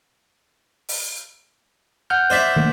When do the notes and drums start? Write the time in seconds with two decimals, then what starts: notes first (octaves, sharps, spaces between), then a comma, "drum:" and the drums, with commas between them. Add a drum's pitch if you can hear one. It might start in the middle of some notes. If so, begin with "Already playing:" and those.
0.89 drum: open hi-hat
2.10 F#5 F6 G6
2.30 C5 D5 E5
2.56 D#3 A3 A#3